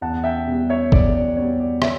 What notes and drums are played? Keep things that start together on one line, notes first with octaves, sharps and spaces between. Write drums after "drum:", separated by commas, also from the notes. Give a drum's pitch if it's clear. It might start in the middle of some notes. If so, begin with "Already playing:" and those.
E2 F#5 A5
E5 G5
B2 G3 B3
C#5 E5
E2 D5, drum: kick
D5
B2 G3 B3 C#5
D5
C#5 E5, drum: rim click